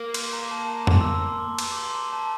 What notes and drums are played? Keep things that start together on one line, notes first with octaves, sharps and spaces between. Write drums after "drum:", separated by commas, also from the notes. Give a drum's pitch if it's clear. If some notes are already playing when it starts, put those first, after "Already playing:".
Already playing: A#3
C6, drum: cymbal
A#5
A5
A#5
C6, drum: tom F2
E6
D6
C6
D6
D6, drum: cymbal
D6
C6
A#5
A5